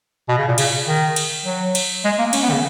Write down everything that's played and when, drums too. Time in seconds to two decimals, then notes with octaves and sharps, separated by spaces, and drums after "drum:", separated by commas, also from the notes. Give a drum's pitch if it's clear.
0.29 B2
0.38 C#3
0.48 A#2
0.58 C#3, drum: cymbal
0.87 D#3
1.16 drum: cymbal
1.45 F#3
1.75 drum: cymbal
2.05 G#3
2.19 A#3
2.33 C#4, drum: cymbal
2.43 B3
2.49 D#3
2.53 C#3